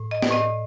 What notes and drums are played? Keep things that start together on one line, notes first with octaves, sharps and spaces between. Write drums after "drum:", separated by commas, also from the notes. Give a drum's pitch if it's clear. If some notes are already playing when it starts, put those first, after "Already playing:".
Already playing: A2
D#5
D5, drum: snare
A2 D#5